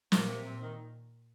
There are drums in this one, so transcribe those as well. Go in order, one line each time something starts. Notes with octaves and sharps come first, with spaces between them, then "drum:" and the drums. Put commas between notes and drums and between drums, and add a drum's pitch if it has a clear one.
A#2 A#3, drum: snare
C3
A#2 C4
D#3